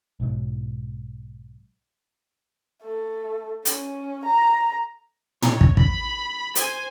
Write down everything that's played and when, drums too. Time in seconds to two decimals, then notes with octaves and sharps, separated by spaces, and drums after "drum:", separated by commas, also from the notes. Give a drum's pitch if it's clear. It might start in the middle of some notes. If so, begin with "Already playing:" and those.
0.20 B1 G#2 F#3
2.83 A3
3.65 C#4, drum: hi-hat
4.24 A#5
5.42 C#5, drum: tom
5.61 drum: kick
5.77 B5, drum: kick
6.55 C5 G#5, drum: hi-hat